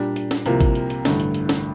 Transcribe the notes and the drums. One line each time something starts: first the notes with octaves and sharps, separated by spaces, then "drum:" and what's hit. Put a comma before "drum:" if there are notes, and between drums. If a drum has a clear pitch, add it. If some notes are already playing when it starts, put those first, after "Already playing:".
Already playing: A#2 G3 D4 G4
drum: hi-hat
drum: snare
C2 C3 F3 A#3, drum: hi-hat
drum: kick G#1, hi-hat
drum: hi-hat
drum: hi-hat
A1 G2 D3 A3, drum: snare
drum: hi-hat
drum: hi-hat
drum: snare